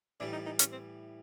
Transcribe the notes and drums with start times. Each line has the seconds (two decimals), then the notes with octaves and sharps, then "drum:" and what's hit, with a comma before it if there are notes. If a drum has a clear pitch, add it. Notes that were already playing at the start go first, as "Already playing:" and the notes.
0.20 A2 E3 G3 D4
0.33 D#4
0.46 D#4
0.59 C#4, drum: hi-hat
0.72 C4